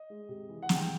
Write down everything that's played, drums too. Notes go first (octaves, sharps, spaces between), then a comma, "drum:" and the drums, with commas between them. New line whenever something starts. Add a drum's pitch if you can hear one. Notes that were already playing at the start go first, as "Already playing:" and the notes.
Already playing: D#5
G#3
C3
E3
F#5
G#3, drum: snare
G5